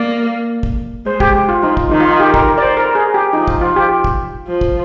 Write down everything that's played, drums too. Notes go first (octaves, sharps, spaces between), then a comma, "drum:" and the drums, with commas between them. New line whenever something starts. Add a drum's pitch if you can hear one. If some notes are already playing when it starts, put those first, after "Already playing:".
Already playing: A#3 D5
drum: kick
G#3 C5
G4, drum: kick
F4
F3 D#4
drum: kick
D#3 D#4
F4
D#4
G4
A#4, drum: kick
D5
C5
A#4
G#4
G4
F3 D#4
drum: kick
F4
G4
drum: kick
F3
drum: kick